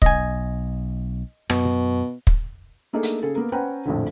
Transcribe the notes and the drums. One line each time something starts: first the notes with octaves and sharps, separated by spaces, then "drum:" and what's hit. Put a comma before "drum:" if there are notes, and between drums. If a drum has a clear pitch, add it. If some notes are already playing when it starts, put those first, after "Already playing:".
B1 D#5 G#5, drum: kick
F#2 B2, drum: rim click
drum: kick
A3 A#3 D4 D#4 G#4 A4
drum: hi-hat
C#3 G#4 A4
A#3 B3 A#4
C#4 B4 C5 F#5 G5 A#5
A#1 F2 A2 D3